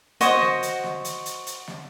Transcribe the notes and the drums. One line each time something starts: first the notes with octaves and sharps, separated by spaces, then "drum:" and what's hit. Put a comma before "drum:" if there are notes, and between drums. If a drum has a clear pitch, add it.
F#4 C5 C#5 D#5, drum: hi-hat
drum: snare
drum: hi-hat
drum: snare
drum: hi-hat
drum: hi-hat
drum: hi-hat
drum: snare